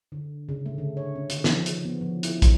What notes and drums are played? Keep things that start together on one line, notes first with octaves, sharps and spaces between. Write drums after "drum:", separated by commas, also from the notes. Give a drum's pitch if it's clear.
D3
C#3
A3
D3
C#5
C#4
D#3, drum: hi-hat
F3, drum: snare
drum: hi-hat
B3
F3
E4, drum: hi-hat
F#3, drum: kick, hi-hat